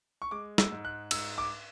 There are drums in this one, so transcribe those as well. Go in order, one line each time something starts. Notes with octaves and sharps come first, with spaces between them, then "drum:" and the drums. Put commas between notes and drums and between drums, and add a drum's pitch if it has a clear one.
C#6
G#3 D6
E6, drum: snare
G#2
F#6
G#2 E6, drum: cymbal
D6